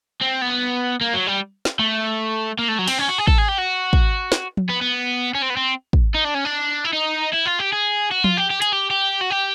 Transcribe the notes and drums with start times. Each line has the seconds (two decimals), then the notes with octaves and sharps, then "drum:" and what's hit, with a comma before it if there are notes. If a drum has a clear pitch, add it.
0.21 C4
0.41 B3
1.01 A#3
1.14 F#3
1.27 G3
1.65 drum: snare
1.80 A3
2.59 A#3
2.68 A3
2.79 F#3
2.88 C4, drum: cymbal
2.99 C#4
3.09 F#4
3.18 G#4
3.27 A4, drum: kick
3.38 G#4
3.48 G4
3.58 F#4
3.93 drum: kick
4.32 drum: snare
4.57 drum: tom F3
4.69 B3
4.82 B3
5.35 C#4
5.42 C4
5.50 B3
5.57 C4
5.93 drum: kick
6.14 D#4
6.24 D4
6.34 C#4
6.45 D4
6.85 E4
6.93 D#4
7.33 E4
7.45 F4
7.59 G4
7.72 G#4
8.12 F#4
8.24 F4, drum: tom F3
8.38 G4
8.51 G4
8.62 G#4, drum: hi-hat
8.73 G4
8.91 G4
9.21 F#4
9.30 G4